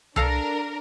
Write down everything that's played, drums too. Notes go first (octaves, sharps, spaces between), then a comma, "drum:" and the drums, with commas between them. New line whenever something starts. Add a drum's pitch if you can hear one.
D4 A4 A#4 F5 A#5, drum: tom C2